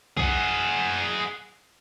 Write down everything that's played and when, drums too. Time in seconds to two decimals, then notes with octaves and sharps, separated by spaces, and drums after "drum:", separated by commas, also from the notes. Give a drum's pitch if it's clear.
0.17 G#4 F#5, drum: kick